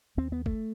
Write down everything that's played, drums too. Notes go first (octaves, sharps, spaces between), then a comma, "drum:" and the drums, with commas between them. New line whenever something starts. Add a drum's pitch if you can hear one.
D#2 C4
B3
A3, drum: kick